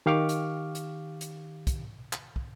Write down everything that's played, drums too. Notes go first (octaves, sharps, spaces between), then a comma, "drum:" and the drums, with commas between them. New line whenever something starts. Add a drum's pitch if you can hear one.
D#3 G4 F5 C#6 D6 F6
drum: hi-hat
drum: hi-hat
drum: hi-hat
drum: kick, hi-hat
drum: clap
drum: kick